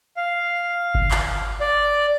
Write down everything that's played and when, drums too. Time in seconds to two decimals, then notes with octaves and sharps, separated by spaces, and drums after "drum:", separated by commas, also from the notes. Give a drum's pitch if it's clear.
0.17 F5
0.95 drum: kick G1
1.11 drum: clap
1.60 D5